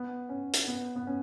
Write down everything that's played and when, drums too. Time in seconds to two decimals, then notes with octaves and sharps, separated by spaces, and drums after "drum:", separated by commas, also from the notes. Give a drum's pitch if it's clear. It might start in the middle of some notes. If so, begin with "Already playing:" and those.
Already playing: B3
0.29 C#4
0.54 drum: hi-hat
0.68 B3
0.96 B3
1.07 C#4